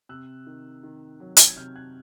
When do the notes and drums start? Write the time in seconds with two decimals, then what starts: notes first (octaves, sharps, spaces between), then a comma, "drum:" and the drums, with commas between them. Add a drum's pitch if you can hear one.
0.09 C3 E6 F#6
0.47 D#3
0.83 D#3
1.20 F#3
1.37 drum: hi-hat
1.48 G#6
1.57 C3 F6 G6
1.76 F#6 G#6